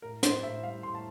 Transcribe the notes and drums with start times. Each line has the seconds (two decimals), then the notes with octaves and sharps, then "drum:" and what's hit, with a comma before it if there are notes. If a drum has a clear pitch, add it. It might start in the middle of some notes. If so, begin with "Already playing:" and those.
0.02 A2 A#4
0.23 A2 C5, drum: hi-hat
0.43 A2 E5
0.63 G3 F5
0.83 A2 C6
0.95 A5